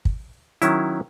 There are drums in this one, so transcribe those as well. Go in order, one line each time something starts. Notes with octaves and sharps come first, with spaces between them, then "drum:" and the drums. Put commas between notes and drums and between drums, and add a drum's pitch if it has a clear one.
drum: kick
D#3 F#3 C#4 E4, drum: hi-hat